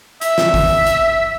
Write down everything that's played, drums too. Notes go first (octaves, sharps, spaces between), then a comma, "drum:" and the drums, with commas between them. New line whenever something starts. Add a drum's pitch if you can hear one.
E5, drum: hi-hat
drum: snare
drum: kick G#1, open hi-hat
drum: hi-hat